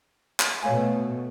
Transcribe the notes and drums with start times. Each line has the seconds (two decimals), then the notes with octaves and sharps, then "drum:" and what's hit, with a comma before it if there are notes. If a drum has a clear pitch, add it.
0.40 drum: clap
0.63 B2 A3 C#5 F5 G#5